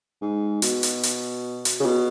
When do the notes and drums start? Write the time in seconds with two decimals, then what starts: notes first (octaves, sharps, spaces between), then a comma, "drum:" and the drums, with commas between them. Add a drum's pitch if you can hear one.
0.21 G#2
0.62 B2, drum: hi-hat
0.83 drum: hi-hat
1.03 drum: hi-hat
1.65 drum: hi-hat
1.80 C#3
1.86 B2